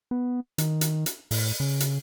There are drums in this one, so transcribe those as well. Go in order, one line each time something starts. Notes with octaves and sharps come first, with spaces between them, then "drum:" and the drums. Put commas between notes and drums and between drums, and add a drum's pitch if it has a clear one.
B3
D#3, drum: hi-hat
drum: hi-hat
drum: hi-hat
A2, drum: open hi-hat
C#3
drum: hi-hat